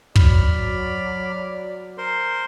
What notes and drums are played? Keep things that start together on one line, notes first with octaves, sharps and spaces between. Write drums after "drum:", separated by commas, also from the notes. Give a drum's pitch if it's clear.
F#3 D5 B5 F6, drum: kick
A#4 C5 C6